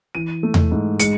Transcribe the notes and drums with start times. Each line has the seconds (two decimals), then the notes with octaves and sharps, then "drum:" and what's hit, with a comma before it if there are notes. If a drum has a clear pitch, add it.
0.15 E3 D#7
0.43 A3
0.54 drum: tom E2
0.71 G#2
1.00 G#3 C#7, drum: hi-hat